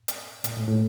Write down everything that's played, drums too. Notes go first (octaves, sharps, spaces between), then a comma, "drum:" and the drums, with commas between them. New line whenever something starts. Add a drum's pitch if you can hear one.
drum: hi-hat
A#2, drum: hi-hat
A2
A2